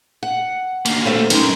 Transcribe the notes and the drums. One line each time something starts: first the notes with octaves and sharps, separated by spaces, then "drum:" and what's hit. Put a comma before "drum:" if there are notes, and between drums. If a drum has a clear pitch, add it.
F#5
D2 A#3, drum: cymbal
A3 B3 C4
F#2 D#3 G#3, drum: cymbal